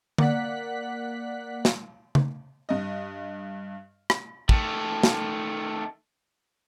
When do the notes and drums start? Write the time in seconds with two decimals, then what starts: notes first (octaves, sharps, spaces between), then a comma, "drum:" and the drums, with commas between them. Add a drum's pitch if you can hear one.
0.18 A#3 D5 F#5 F#6 B6, drum: tom D3
1.65 drum: snare
2.15 drum: tom C#3
2.69 G2 D#5
4.10 drum: rim click
4.49 D#3 A3, drum: kick
5.03 drum: snare